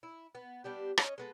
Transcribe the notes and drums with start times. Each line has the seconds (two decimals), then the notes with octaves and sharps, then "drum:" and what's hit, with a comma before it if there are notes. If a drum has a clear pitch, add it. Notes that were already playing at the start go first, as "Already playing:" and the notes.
0.03 E4
0.35 B3
0.64 G3 B3 D4 G4
0.98 C#4 F4 C#5 D#5, drum: rim click
1.18 G#3 B3 A4